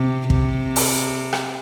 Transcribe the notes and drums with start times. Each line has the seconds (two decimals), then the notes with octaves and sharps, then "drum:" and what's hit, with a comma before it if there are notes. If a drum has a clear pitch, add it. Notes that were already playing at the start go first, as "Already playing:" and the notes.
Already playing: C3
0.30 C3, drum: kick
0.76 drum: open hi-hat
1.33 drum: rim click